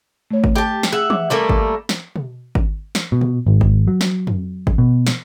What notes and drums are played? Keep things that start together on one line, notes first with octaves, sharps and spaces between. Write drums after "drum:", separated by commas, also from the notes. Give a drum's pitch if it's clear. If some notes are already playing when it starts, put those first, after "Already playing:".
A3 C#5
drum: kick G#1
G4 A5
drum: snare
G#4 E5 F#5
D6, drum: tom E3
G3 A3 A#3
drum: kick G#1
drum: snare
drum: tom B2
drum: kick G#1
drum: snare
B2
drum: tom A#2
G#1
drum: kick G#1
F#3
drum: snare
drum: tom F2
drum: kick G#1
B2
drum: snare